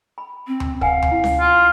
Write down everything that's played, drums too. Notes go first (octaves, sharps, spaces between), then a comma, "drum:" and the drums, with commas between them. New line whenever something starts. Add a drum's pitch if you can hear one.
B5
C4
drum: tom D2
B4 F5 F#5 G#5, drum: kick
drum: tom D2
E4
drum: snare C#4
F4